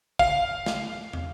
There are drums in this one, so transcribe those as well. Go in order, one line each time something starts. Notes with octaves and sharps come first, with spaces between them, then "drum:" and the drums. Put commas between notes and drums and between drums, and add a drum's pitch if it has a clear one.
F5, drum: kick
drum: snare
drum: tom